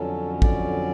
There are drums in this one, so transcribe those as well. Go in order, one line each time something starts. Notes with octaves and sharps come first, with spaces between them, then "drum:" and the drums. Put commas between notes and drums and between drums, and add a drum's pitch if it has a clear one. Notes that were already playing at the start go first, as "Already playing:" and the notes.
Already playing: F2 D3 F#3 C#4 A4
D5, drum: kick